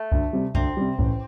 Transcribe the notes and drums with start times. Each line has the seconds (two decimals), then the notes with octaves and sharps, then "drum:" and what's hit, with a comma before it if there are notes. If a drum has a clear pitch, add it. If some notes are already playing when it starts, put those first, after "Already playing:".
Already playing: A3
0.12 D2, drum: kick C2
0.33 C3 G3
0.55 D2 C4, drum: kick C2
0.77 C3 G3
0.99 A1, drum: kick C2